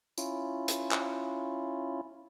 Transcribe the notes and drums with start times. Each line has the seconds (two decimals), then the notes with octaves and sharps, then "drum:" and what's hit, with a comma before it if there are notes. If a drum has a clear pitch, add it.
0.18 C#4 E4 F4, drum: tambourine
0.68 drum: hi-hat
0.91 drum: clap